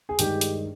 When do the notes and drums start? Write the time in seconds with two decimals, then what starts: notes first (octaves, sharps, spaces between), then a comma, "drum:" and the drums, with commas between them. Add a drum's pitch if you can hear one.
0.09 G#4
0.19 G2 D#3 G#3 D#4 G4, drum: hi-hat
0.41 drum: hi-hat